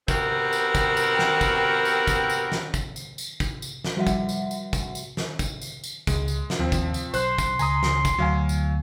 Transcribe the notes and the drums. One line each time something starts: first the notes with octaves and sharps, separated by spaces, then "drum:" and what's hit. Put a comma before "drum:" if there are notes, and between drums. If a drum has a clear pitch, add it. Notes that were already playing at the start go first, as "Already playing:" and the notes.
D#3 B3 C4 F#4 G4 A#4, drum: kick, tambourine
drum: tambourine
drum: kick, tambourine
drum: tambourine
drum: snare
drum: kick, tambourine
drum: tambourine
drum: kick, tambourine
drum: tambourine
drum: snare
drum: kick, tambourine
drum: tambourine
drum: tambourine
drum: kick, tambourine
drum: tambourine
drum: snare
F3 G3 F#4 E5 F#5
drum: kick, tambourine
drum: tambourine
drum: tambourine
drum: kick, tambourine
drum: tambourine
drum: snare
drum: kick, tambourine
drum: tambourine
drum: tambourine
C#2 G#3, drum: kick, tambourine
drum: tambourine
drum: snare
D#2 F3 C4
drum: kick, tambourine
drum: tambourine
B1 C5 C6 F#6, drum: tambourine
drum: kick, tambourine
C#2 G#5 A#5 D#6, drum: tambourine
drum: snare
drum: kick, tambourine
D2 F#3 F5 G#5
drum: tambourine